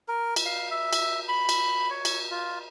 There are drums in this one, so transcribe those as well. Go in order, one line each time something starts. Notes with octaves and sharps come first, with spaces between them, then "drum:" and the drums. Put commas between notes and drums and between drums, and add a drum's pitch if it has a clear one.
A#4
drum: cymbal
F5
E5
drum: cymbal
B5
drum: cymbal
C#5
drum: cymbal
F4